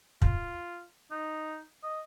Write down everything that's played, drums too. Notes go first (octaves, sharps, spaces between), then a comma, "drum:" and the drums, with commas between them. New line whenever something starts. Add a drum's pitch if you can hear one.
F4, drum: kick
D#4
D#5